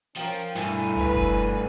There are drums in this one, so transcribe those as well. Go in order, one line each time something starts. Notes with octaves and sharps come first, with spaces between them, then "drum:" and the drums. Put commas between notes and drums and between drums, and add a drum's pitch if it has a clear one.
F3 C#4 A#4 G5
G2 A3 E4 A#4 G#5, drum: snare
B4, drum: tom C#2
drum: kick F#1